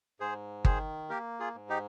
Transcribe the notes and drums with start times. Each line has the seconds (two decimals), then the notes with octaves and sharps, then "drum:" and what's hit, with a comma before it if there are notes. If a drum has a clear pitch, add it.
0.20 G#2 G#4 C5
0.65 D#3 G#4 C5, drum: kick G1
1.10 A#3 G4 A#4
1.40 F4 G#4
1.55 G#2
1.69 D#4 G4